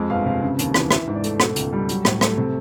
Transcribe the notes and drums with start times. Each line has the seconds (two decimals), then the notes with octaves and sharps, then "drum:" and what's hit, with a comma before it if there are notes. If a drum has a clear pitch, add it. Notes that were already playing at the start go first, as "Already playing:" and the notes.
Already playing: F2 G#3
0.10 G1 F5
0.25 C3 F5
0.42 C#3
0.59 D#2, drum: hi-hat
0.74 E3, drum: rim click
0.91 E3 E5, drum: rim click
1.07 G#2
1.15 D5
1.24 A3, drum: hi-hat
1.40 B2 A4, drum: rim click
1.56 C#2, drum: hi-hat
1.73 G3
1.89 F#3, drum: hi-hat
2.05 A2, drum: rim click
2.21 A3, drum: rim click
2.37 C3